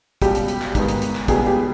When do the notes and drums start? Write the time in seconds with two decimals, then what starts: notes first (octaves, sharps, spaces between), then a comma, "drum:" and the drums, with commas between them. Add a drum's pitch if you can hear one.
0.22 C#2 B2 G3 G4, drum: kick, hi-hat
0.35 drum: hi-hat
0.48 drum: hi-hat
0.62 drum: clap
0.75 G#2 D#3 G#3 B3, drum: kick, hi-hat
0.88 drum: hi-hat
1.02 drum: hi-hat
1.15 drum: clap
1.28 C#2 B2 G3 B3 G#4, drum: kick, hi-hat
1.47 G4